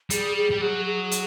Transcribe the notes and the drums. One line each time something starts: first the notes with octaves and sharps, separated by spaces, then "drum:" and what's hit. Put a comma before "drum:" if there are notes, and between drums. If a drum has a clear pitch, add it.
G3 G#4, drum: hi-hat
G#4
G3
F#3 G#4
G#4
drum: hi-hat